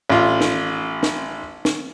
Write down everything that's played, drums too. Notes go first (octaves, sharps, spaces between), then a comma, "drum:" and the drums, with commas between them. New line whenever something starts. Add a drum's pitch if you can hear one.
A1 F4
drum: snare
drum: snare
drum: snare